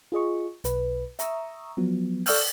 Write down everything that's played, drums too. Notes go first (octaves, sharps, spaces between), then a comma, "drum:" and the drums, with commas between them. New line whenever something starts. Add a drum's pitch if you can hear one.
F4 G#4 D#5 C#6
B1 B4, drum: hi-hat
E5 A#5 C#6 D#6 E6, drum: hi-hat
F3 F#3 B3
A4 D5 C#6 E6 F6 G6, drum: open hi-hat